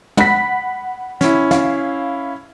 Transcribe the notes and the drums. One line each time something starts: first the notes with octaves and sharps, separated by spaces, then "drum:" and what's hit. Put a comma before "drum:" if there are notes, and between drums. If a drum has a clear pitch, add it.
F#5 B5 B6, drum: tom
C#4 E4, drum: snare
F5, drum: snare